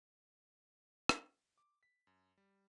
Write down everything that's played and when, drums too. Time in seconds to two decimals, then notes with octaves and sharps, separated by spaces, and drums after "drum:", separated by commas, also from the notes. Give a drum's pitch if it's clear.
1.09 drum: rim click
1.58 D6
1.83 B6
2.07 F#2
2.37 G3